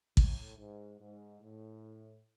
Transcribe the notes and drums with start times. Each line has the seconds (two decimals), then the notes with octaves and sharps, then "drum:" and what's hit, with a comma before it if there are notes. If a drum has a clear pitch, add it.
0.17 A2, drum: kick A1
0.58 G#2
1.00 G#2
1.41 A2